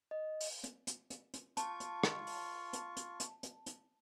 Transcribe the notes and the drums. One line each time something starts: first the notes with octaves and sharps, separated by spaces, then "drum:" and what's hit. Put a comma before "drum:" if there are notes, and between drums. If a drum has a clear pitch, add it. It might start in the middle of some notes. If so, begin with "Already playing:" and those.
D#5
drum: open hi-hat
drum: hi-hat
drum: hi-hat
drum: hi-hat
drum: hi-hat
F4 A5 C#6, drum: hi-hat
drum: hi-hat
drum: rim click
drum: open hi-hat
drum: hi-hat
drum: hi-hat
drum: hi-hat
drum: hi-hat
drum: hi-hat